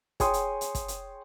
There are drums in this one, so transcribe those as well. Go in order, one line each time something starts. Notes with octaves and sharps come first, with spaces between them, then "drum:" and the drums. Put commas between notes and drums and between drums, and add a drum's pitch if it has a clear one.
G#4 C#5 G5 G#5 C6 D#6, drum: kick, hi-hat
drum: hi-hat
drum: hi-hat
drum: kick, hi-hat
drum: hi-hat